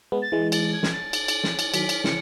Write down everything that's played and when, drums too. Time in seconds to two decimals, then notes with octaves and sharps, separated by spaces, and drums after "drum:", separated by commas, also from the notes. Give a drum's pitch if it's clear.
0.12 G#3 B3
0.22 A6
0.32 E3 G#3
0.52 A6, drum: cymbal
0.73 G#6
0.83 drum: snare
0.93 A6
1.13 drum: cymbal
1.28 drum: cymbal
1.44 drum: snare
1.59 drum: cymbal
1.74 D#3 F#3 B6, drum: cymbal
1.89 drum: cymbal
2.04 C#3 E3 C#7, drum: snare